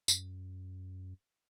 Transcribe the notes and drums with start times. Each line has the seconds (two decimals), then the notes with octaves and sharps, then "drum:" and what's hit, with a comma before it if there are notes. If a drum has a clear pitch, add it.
0.08 F#2, drum: tambourine